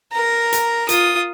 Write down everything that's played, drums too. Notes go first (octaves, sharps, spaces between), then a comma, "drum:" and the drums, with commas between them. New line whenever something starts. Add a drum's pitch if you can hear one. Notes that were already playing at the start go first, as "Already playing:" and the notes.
A#4 A#5
drum: hi-hat
F4 D#6, drum: hi-hat